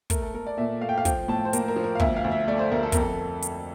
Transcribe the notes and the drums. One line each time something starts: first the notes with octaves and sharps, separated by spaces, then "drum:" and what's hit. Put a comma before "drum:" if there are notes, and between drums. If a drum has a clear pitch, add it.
A3 A#4, drum: kick, hi-hat
A4
A3 A#4
D5
A#2 E5
A3 F5
G5
F5
F3 G5, drum: kick, hi-hat
A2 A5
C5
A#3 A#4, drum: hi-hat
A#4
F3
A#4
F5
D2 E5, drum: kick
F5
D2
E5
A3 D5
C5
D2 A#4
A4
F2 A#4, drum: kick, hi-hat
A4
drum: hi-hat